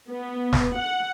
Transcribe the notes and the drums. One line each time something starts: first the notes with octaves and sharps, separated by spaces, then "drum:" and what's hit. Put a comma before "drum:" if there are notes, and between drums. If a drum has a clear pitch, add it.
B3
drum: snare
F#5